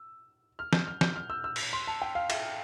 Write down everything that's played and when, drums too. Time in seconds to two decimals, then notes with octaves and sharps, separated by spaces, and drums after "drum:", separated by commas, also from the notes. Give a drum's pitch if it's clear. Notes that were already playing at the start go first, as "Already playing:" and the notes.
Already playing: E6
0.59 F6
0.73 G6, drum: snare
0.87 F6
1.01 G6, drum: snare
1.16 F6
1.30 E6
1.44 E6
1.56 drum: cymbal
1.73 C6
1.87 A5
2.02 G5
2.15 F5
2.30 E5, drum: cymbal